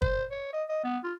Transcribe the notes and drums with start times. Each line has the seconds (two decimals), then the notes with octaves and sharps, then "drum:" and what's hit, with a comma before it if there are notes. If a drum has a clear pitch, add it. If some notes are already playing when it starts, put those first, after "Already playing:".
0.02 C5, drum: kick
0.31 C#5
0.53 D#5
0.69 D#5
0.84 B3
1.04 F4